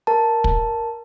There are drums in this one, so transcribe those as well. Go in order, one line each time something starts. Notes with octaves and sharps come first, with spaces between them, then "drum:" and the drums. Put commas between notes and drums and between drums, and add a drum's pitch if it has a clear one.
A#4 A5
drum: kick